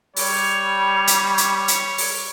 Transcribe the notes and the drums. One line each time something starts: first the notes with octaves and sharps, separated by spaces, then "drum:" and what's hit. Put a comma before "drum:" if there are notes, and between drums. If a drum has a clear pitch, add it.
G3 C#5, drum: open hi-hat
drum: hi-hat
drum: hi-hat
drum: hi-hat
drum: open hi-hat